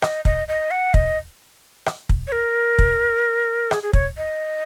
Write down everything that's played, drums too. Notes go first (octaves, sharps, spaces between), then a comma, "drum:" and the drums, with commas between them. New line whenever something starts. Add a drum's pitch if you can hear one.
D#5, drum: rim click
D#5, drum: kick
D#5
F#5
D#5, drum: kick
drum: rim click
drum: kick
C#5
A#4
drum: kick
G#4, drum: rim click
G#4
C#5, drum: kick
D#5